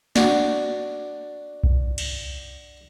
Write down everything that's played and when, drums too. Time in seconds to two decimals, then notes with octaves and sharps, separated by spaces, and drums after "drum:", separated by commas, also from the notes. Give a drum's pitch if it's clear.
0.16 D4 F#4, drum: snare
1.64 drum: kick B1
1.98 drum: cymbal